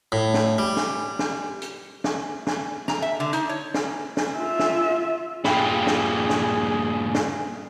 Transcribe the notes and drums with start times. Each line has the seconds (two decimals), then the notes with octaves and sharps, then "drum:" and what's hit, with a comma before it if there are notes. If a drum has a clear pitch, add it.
0.12 A2
0.34 drum: snare
0.58 G3
0.77 drum: snare
1.19 drum: snare
1.62 drum: hi-hat
2.04 drum: snare
2.47 drum: snare
2.88 A#5, drum: snare
3.02 E5
3.20 D3
3.33 D#4, drum: hi-hat
3.49 C#5
3.74 drum: snare
4.17 drum: snare
4.37 F4 E5
4.59 drum: snare
5.44 G2 A#2 G#4 F5 G5 B5, drum: snare
5.87 drum: snare
6.29 drum: snare
7.14 drum: snare